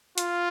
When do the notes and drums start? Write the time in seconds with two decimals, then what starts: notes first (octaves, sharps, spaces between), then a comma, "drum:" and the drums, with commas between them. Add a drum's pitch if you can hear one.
0.18 F4, drum: hi-hat